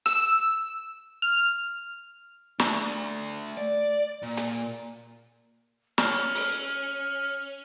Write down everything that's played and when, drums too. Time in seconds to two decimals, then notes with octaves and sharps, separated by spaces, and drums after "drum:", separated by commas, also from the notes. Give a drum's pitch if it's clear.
0.06 E6, drum: hi-hat
1.22 F6
2.59 A3 D4, drum: snare
3.57 D5
4.23 A#2
4.37 drum: hi-hat
5.98 C#4 F6, drum: snare
6.35 drum: open hi-hat